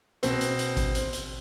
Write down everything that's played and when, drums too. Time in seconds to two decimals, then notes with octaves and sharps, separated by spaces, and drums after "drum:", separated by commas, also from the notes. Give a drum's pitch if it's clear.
0.23 B2 C4, drum: hi-hat
0.41 drum: hi-hat
0.59 drum: hi-hat
0.77 drum: kick A1, hi-hat
0.95 drum: hi-hat
1.13 drum: hi-hat